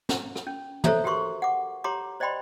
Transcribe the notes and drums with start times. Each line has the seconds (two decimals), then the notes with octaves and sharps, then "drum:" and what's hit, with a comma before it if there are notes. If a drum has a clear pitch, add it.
0.09 drum: snare
0.36 drum: rim click
0.47 C#4
0.84 A4 C5 C#5 E5 A#5, drum: tom
1.04 F#4 G4 A#4 C6 C#6
1.42 F#5 D6
1.84 G4 C#5 A#5 C6 D6
2.20 C5 D5 D#5 G5 B5 C6